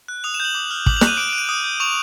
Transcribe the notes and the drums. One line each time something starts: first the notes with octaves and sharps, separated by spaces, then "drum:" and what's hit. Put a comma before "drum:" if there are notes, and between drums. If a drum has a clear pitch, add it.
F#6
D#6 F7
E7
G6 F#7
D6
F6
D6 F#7, drum: kick
F7
F#6, drum: snare
D#7
D6 D7
D7
F#6
D#7
D#6
G6
C#6 F7